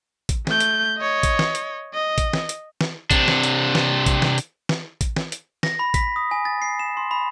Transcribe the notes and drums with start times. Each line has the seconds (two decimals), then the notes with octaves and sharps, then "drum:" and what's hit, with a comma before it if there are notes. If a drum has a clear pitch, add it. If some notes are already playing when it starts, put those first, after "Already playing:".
0.29 drum: kick A1, hi-hat
0.47 A3 G6, drum: snare
0.60 drum: hi-hat
0.98 C#5 D#5
1.23 drum: kick A1, hi-hat
1.39 drum: snare
1.55 drum: hi-hat
1.94 D#5
2.18 drum: kick A1, hi-hat
2.33 drum: snare
2.49 drum: hi-hat
2.81 drum: snare
3.11 C3 D4, drum: kick A1, hi-hat
3.28 drum: snare
3.43 drum: hi-hat
3.75 drum: snare
4.06 drum: kick A1, hi-hat
4.22 drum: snare
4.38 drum: hi-hat
4.69 drum: snare
5.01 drum: kick A1, hi-hat
5.16 drum: snare
5.32 drum: hi-hat
5.63 A#6, drum: snare
5.79 B5
5.94 B6, drum: kick A1, hi-hat
6.16 D#6
6.31 G#5
6.45 A6
6.62 C7
6.79 E7
6.97 C6
7.11 B5